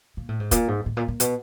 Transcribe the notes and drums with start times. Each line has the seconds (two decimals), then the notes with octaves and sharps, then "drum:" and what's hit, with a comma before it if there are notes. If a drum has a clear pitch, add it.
0.17 A#2
0.29 A2
0.40 G#2
0.51 A#2, drum: kick, hi-hat
0.68 G#2
0.86 A2
0.97 A#2
1.08 A#2
1.20 B2, drum: hi-hat